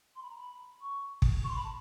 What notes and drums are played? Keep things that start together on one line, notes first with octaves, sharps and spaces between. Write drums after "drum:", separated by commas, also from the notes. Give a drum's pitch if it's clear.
C6
B5
A#5
B5
C#6
drum: kick
C#6
C6
B5
A5